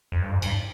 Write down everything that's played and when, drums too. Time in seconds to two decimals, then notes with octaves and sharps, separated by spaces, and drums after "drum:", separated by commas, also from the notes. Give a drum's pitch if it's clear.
0.12 F2
0.22 G2
0.32 F2
0.42 G2, drum: cymbal